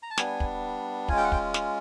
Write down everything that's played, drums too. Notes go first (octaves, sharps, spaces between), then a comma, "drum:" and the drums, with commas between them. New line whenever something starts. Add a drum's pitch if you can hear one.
A#5
A5
G3 B3 D4 G#5, drum: snare
drum: kick
G#3 C#4 F4 G#5, drum: kick
G5
F#5
G5, drum: kick
drum: snare